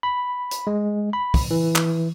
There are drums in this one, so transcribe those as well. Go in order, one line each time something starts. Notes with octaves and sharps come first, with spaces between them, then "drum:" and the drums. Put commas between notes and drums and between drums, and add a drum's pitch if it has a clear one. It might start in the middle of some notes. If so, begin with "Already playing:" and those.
B5
drum: hi-hat
G#3
B5
drum: kick, open hi-hat
E3
drum: clap